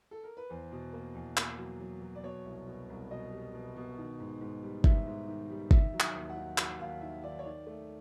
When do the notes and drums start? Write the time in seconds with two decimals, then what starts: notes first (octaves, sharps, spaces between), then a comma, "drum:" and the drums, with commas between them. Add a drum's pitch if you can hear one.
0.11 A4
0.24 A#4
0.37 B4
0.50 E2 C5
0.72 B2
0.93 A#3
1.15 E2
1.37 A#3, drum: clap
1.59 F#3
1.80 F#3
2.02 F#3
2.15 D5
2.23 B2 C#5
2.45 C2
2.67 B2
2.89 C2
3.11 B2 D#5
3.32 G3
3.54 B2
3.76 B2
3.98 D#3
4.20 G#2
4.41 G#2
4.63 G3
4.84 G#2 E5, drum: kick G1
5.07 G#2
5.28 D#3
5.50 G3
5.71 D#3 E5, drum: kick G1
5.94 F#3
6.00 E5, drum: clap
6.15 D#2
6.29 F#5
6.36 D#3
6.58 F#3 F#5, drum: clap
6.80 D#2 F5
7.01 D#3 E5
7.24 D#3 D5
7.39 C#5
7.45 D#3 D5
7.67 A3